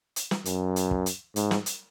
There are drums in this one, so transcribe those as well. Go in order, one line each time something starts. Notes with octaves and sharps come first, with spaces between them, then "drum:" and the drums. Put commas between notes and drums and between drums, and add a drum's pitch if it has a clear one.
drum: hi-hat
drum: snare
F#2, drum: hi-hat
drum: hi-hat
drum: kick
drum: hi-hat
G#2, drum: hi-hat
drum: snare
drum: hi-hat